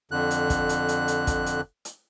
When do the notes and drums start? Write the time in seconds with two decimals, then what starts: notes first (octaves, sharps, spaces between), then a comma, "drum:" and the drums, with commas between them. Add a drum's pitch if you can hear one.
0.11 F2 D3 F#6
0.31 drum: hi-hat
0.50 drum: kick, hi-hat
0.69 drum: hi-hat
0.89 drum: hi-hat
1.08 drum: hi-hat
1.27 drum: kick, hi-hat
1.46 drum: hi-hat
1.85 drum: hi-hat